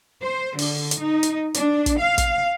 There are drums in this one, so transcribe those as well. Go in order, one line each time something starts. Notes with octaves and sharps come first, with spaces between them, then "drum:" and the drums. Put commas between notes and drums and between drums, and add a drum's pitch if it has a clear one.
C5
D3, drum: open hi-hat
drum: hi-hat
D#4
drum: hi-hat
D4, drum: hi-hat
drum: kick, hi-hat
F5
drum: kick, hi-hat